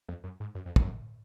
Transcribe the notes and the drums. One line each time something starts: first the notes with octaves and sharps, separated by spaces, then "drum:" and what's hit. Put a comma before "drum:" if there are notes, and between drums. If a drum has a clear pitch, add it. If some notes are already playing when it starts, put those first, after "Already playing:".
F2
F#2
G#2
F#2
F2
F#2, drum: kick